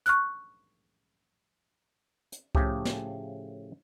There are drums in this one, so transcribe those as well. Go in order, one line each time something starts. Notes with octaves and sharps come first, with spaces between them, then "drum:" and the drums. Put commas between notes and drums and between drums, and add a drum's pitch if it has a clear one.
C#6 F6 F#6, drum: hi-hat
drum: hi-hat
A2 C#3 F3 A3 G4 G#4, drum: kick C2
drum: snare